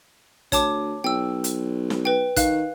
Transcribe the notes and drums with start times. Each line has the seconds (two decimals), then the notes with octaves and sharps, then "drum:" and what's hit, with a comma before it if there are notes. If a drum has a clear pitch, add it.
0.52 D2 C#5 A5 D6, drum: kick, hi-hat
1.04 B1 G5 E6
1.44 drum: hi-hat
1.90 drum: snare
2.05 B4 G5
2.37 D#3 F5 F#6, drum: kick, hi-hat